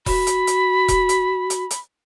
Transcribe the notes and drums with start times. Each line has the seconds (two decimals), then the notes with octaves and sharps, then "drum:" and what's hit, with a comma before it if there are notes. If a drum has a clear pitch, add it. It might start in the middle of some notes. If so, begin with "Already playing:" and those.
0.06 F#4 B5, drum: kick E1, open hi-hat
0.27 drum: hi-hat
0.47 drum: hi-hat
0.88 drum: kick E1, hi-hat
1.09 drum: hi-hat
1.50 drum: hi-hat
1.71 drum: hi-hat